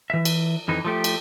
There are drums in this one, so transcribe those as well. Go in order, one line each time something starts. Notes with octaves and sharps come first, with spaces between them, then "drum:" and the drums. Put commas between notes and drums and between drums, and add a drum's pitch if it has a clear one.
E3 E5
drum: cymbal
F2 E3 D#4
F3 A3 G4
drum: cymbal